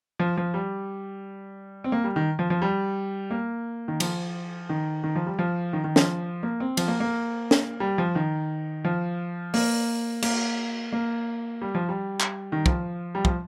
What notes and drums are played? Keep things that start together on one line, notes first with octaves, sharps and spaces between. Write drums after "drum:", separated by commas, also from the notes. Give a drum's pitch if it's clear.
F3
F3
G3
C4
A#3
G3
D#3
F3
F3
G3
A#3
D#3
F3, drum: cymbal
D#3
D#3
F3
G3
F3
D#3
D#3
F3, drum: snare
A#3
C4
F3, drum: cymbal
A#3
A#3
drum: snare
G3
F3
D#3
F3
A#3, drum: open hi-hat
A#3, drum: cymbal
A#3
G3
F3
G3
drum: clap
D#3
F3, drum: kick
G3
F3, drum: kick